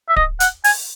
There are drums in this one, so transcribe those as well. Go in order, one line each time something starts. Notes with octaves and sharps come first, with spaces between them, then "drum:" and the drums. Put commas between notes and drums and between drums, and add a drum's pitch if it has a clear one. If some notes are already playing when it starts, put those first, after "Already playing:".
E5
D#5, drum: kick D1
F#5, drum: hi-hat
G#5, drum: open hi-hat